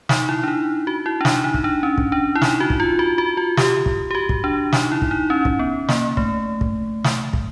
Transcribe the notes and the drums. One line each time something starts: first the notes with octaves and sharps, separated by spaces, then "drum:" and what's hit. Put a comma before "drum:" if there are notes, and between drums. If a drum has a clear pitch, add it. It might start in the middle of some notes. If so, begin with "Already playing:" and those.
D#4, drum: snare
E4
D4
D#4
F#4
E4
D4
D#4, drum: snare
D#4
drum: kick
D4
C#4
drum: kick
D4
E4
D#4, drum: snare
F#4
drum: kick
F4
F#4
F#4
F4
G4, drum: snare
drum: kick
G4
F#4
drum: kick
D4
D#4, drum: snare
E4
drum: kick
D#4
C#4
drum: kick
B3
A#3, drum: snare
A3, drum: kick
drum: kick
drum: snare
drum: kick